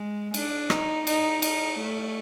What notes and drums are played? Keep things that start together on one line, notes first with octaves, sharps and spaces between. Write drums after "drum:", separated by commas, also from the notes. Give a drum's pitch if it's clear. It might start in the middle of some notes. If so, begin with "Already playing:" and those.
Already playing: G#3
D4, drum: cymbal
D#4, drum: rim click
D#4, drum: cymbal
D#4, drum: cymbal
A3